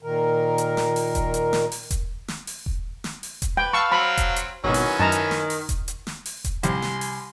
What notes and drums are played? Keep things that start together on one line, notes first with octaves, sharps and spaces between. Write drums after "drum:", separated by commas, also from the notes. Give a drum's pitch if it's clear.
A#2 D#3 A#4
drum: hi-hat
drum: snare
drum: open hi-hat
drum: kick E1, hi-hat
drum: hi-hat
drum: snare
drum: open hi-hat
drum: kick E1, hi-hat
drum: snare
drum: open hi-hat
drum: kick E1
drum: snare
drum: open hi-hat
drum: kick E1, hi-hat
B4 G5
F5 A5 C#6 E6
F#3 C4 B5
drum: kick E1, hi-hat
drum: hi-hat
G#1 B2 D#3 E3 F#3 C#4
drum: open hi-hat
F#2 D#3 A5 A#5
drum: hi-hat
drum: snare
drum: open hi-hat
drum: kick E1, hi-hat
drum: hi-hat
drum: snare
drum: open hi-hat
drum: kick E1, hi-hat
C2 G#5 C6, drum: hi-hat
drum: snare
drum: open hi-hat